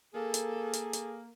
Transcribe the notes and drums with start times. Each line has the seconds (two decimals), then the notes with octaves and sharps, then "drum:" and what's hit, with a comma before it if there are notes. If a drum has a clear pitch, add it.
0.14 A#3 G#4 A4
0.34 drum: hi-hat
0.73 drum: hi-hat
0.93 drum: hi-hat